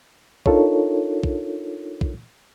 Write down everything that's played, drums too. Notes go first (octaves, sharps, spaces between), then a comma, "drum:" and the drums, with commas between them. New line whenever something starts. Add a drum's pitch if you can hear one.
D4 D#4 F4 A4 A#4 C#5, drum: kick
drum: kick
drum: kick